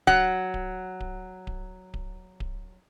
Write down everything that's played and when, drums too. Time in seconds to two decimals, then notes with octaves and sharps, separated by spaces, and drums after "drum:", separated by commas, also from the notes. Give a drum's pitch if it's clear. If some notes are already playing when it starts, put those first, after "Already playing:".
0.07 F#3 F#5, drum: kick D1
0.54 drum: kick D1
1.00 drum: kick D1
1.47 drum: kick D1
1.94 drum: kick D1
2.40 drum: kick D1